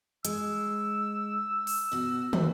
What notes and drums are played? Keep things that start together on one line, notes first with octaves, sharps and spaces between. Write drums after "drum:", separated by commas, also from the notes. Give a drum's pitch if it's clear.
G#3 E6, drum: hi-hat
drum: open hi-hat
B2 F#4
E3 F#4 A4, drum: tom